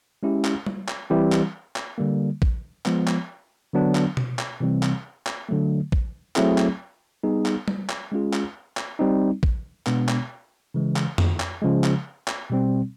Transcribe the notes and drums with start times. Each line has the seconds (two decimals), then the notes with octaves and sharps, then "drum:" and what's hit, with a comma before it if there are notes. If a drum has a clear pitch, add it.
0.23 G#3 C#4 E4 G4
0.45 drum: clap
0.66 drum: tom G3
0.88 drum: clap
1.10 E3 G3 C4 E4 G4
1.32 drum: clap
1.76 drum: clap
1.98 D3 G3 A#3
2.42 drum: kick
2.86 F3 G#3 B3, drum: clap
3.08 drum: clap
3.73 D3 F#3 B3 D4
3.95 drum: clap
4.17 drum: tom B2
4.39 drum: clap
4.60 C3 E3 G3 C4
4.83 drum: clap
5.27 drum: clap
5.49 D3 F#3 A3
5.92 drum: kick
6.36 F#3 A3 C4 E4 G#4, drum: clap
6.58 drum: clap
7.23 G3 B3 D#4 G#4
7.46 drum: clap
7.68 drum: tom G3
7.90 drum: clap
8.12 G#3 C#4 F4 G#4
8.33 drum: clap
8.77 drum: clap
8.99 G3 C4 D#4
9.43 drum: kick
9.87 B2 G#3 B3 D4, drum: clap
10.09 drum: clap
10.74 C#3 E3 G#3
10.96 drum: clap
11.18 drum: tom F2
11.40 drum: clap
11.62 C#3 F3 G#3
11.84 drum: clap
12.28 drum: clap
12.50 B2 G3 C4